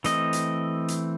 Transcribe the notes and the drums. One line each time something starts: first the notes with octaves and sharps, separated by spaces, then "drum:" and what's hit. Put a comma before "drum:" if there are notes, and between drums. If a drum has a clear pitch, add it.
E3 A3 C4 D#5, drum: hi-hat
drum: hi-hat
drum: hi-hat